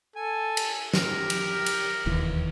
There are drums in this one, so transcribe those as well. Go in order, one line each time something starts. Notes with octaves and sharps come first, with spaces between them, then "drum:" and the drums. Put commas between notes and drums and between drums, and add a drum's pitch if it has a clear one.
A4 G#5
drum: cymbal
G4 A#4, drum: snare
drum: cymbal
drum: cymbal
E1 D#2 E3